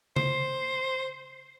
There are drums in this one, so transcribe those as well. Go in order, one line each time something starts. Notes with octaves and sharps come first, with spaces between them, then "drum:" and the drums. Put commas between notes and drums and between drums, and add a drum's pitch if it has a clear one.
C5, drum: tom C#3